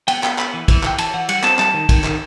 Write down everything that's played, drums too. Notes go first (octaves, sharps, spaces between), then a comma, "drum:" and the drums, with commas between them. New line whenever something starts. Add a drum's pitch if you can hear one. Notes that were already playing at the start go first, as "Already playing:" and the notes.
B3 G5, drum: cymbal
B3 G5, drum: clap
B3 B5, drum: clap
E3
E3, drum: kick, cymbal
E3 G5, drum: clap
E3 A5, drum: cymbal
E3 F#5
G3 F#5, drum: cymbal
C4 A5, drum: clap
G3 A5, drum: clap
D#3
D#3, drum: kick, cymbal
D#3, drum: clap